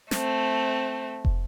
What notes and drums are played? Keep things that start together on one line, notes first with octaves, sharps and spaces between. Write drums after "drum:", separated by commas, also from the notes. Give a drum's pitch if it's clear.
A3 C4, drum: snare
drum: kick